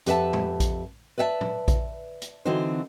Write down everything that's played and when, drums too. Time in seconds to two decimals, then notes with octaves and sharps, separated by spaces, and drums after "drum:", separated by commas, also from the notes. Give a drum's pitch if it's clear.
0.06 F2 G4 B4 E5 F#5 A5, drum: hi-hat
0.33 drum: tom
0.60 drum: kick A#1, hi-hat
1.18 B4 D5 E5 F#5 A5
1.41 drum: tom A2
1.68 drum: kick A#1, hi-hat
2.22 drum: hi-hat
2.45 D3 E3 C4 D#4 F#4 C5